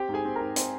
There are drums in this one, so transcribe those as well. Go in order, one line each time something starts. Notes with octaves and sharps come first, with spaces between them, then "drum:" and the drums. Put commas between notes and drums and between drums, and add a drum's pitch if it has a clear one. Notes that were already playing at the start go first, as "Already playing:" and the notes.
Already playing: C4 G4 G5
G#2
G#4 G#5
C4
G#2 A#4 A#5
C4, drum: hi-hat